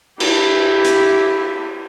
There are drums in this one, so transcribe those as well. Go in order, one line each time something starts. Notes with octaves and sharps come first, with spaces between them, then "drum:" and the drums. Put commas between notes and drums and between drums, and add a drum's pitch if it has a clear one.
E4 G4, drum: cymbal
drum: hi-hat